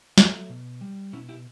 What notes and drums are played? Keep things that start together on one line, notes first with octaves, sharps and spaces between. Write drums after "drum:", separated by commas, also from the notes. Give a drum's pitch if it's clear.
F#3 A3, drum: snare
B2
G3
B2 C#4 E4
E4 G4